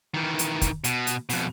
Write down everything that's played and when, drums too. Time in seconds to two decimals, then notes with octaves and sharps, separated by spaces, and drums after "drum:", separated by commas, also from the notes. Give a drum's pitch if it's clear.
0.14 D#3 E3
0.39 drum: hi-hat
0.62 drum: kick, hi-hat
0.84 B2, drum: hi-hat
1.07 drum: hi-hat
1.29 F2 B2, drum: open hi-hat